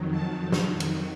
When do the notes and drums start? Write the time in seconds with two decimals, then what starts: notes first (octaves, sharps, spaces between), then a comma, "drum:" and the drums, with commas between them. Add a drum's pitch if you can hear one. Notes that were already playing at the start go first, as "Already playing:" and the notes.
Already playing: F2 D#3 F#3
0.11 A5
0.52 drum: snare
0.80 drum: cymbal